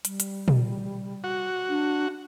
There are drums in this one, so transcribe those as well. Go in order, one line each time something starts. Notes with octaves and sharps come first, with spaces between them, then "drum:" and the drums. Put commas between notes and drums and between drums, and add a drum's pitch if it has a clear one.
G3, drum: hi-hat
drum: hi-hat
drum: tom A#2
F#4
D4